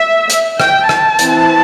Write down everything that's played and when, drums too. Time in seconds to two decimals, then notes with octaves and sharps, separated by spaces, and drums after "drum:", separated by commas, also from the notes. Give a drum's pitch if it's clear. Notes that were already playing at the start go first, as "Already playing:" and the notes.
Already playing: E5
0.30 drum: hi-hat
0.60 G5, drum: rim click
0.89 A5, drum: rim click
1.19 E3 C4, drum: hi-hat